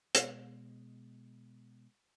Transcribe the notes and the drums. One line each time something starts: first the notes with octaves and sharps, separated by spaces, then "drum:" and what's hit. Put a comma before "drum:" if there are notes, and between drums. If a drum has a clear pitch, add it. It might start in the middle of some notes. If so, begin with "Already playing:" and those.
B2 G#3, drum: hi-hat